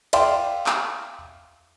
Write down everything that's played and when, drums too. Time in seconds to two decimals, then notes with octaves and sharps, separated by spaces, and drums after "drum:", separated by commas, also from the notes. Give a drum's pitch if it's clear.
0.13 D5 E5 F5 G5 C6, drum: cymbal
0.66 drum: clap